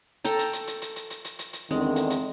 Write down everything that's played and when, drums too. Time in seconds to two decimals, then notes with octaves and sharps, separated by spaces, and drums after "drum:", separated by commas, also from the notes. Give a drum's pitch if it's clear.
0.24 A4 G5 A#5, drum: hi-hat
0.39 drum: hi-hat
0.53 drum: hi-hat
0.67 drum: hi-hat
0.82 drum: hi-hat
0.96 drum: hi-hat
1.10 drum: hi-hat
1.24 drum: hi-hat
1.39 drum: hi-hat
1.53 drum: hi-hat
1.71 E2 D3 D#3 G#3 C4
1.96 drum: hi-hat
2.10 drum: hi-hat